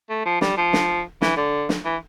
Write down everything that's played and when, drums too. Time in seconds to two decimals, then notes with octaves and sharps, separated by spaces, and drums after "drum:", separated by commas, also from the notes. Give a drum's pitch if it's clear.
0.10 A3
0.25 F3
0.41 G3, drum: snare
0.57 F3
0.73 drum: snare
1.21 E3, drum: snare
1.37 D3
1.69 drum: snare
1.85 E3